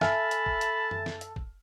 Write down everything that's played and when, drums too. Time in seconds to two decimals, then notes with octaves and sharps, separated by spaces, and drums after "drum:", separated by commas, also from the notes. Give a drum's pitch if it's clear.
0.01 A4 E5 G#5 A5 B5 F6, drum: snare
0.31 drum: hi-hat
0.46 drum: kick
0.61 drum: hi-hat
0.91 drum: tom F#2
1.06 drum: snare
1.21 drum: hi-hat
1.36 drum: kick